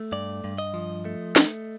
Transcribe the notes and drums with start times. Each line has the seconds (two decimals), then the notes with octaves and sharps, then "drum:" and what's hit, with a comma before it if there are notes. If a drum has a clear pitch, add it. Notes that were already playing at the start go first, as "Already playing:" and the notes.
Already playing: A3
0.12 G2 D5
0.44 G2
0.58 D#5
0.74 F3
1.05 A3
1.36 drum: snare